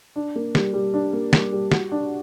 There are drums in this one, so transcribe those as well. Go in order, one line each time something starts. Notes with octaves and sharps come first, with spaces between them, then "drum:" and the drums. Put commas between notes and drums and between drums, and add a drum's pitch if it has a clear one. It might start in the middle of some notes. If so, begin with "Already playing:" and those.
D4
A#3
G3, drum: snare
G3
D4
A#3
G3, drum: snare
G3
F#4, drum: snare
D4